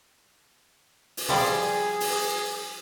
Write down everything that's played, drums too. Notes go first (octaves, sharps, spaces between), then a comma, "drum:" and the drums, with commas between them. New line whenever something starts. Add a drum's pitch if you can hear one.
drum: open hi-hat
F3 G3 G#4 D5
drum: open hi-hat